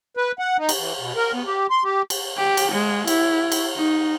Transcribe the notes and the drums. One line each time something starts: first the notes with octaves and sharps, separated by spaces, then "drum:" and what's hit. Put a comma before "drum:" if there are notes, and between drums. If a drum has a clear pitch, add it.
B4
F#5
D#4
drum: cymbal
E3
B2
A#4
B3
G4
C6
G4
drum: cymbal
G4
drum: cymbal
G#3
E4, drum: cymbal
drum: cymbal
D#4